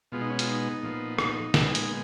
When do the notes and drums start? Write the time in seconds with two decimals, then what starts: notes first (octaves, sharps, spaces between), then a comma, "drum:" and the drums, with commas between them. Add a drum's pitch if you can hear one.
0.12 B2 G#3 B3 F4
0.21 D#4
0.30 C#4
0.39 F4, drum: hi-hat
0.47 D#4
0.83 A#2 F3 B3
1.19 D#4, drum: rim click
1.54 A#2 G#3 B3, drum: snare
1.75 drum: hi-hat